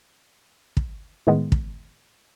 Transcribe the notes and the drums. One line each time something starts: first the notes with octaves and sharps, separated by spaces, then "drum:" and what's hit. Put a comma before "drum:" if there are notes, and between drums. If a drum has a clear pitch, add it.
drum: kick
A2 D#3 G#3 B3
drum: kick